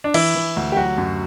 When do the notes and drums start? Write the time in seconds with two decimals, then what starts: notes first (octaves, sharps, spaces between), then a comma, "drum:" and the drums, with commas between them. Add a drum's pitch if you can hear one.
0.04 D4
0.14 E3 E4, drum: cymbal
0.35 E3
0.56 D2
0.72 G4
0.76 F#3 F#4
0.98 F#2